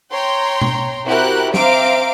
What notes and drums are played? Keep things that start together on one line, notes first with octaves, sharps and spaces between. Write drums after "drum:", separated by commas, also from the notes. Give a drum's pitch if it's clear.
C#5 G5 A#5 C6
drum: tom B2
C4 E4 F#4 G4 A#4 F#6
C4 E5 F5 A#5 D6 D7, drum: snare